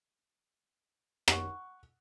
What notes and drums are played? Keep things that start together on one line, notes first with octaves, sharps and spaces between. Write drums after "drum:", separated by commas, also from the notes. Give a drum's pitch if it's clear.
F#5 C#6, drum: rim click